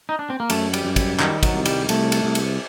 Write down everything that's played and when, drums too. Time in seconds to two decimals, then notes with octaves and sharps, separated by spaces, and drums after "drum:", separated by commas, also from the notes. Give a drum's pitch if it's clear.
0.09 D#4
0.19 D4
0.30 C4
0.40 A#3
0.50 F#2 A3, drum: cymbal
0.73 G3, drum: cymbal
0.85 F#2
0.96 G3, drum: kick, cymbal
1.20 D#3 G3, drum: clap
1.43 F#3, drum: kick, cymbal
1.54 C2
1.66 G3, drum: cymbal
1.89 C2 A3, drum: cymbal
2.12 drum: cymbal
2.24 C2
2.35 drum: cymbal